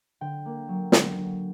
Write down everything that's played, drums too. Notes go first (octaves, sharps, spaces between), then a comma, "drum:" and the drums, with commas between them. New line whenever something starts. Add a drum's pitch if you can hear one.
D3 G5
A#3
F#3
D3, drum: snare
D3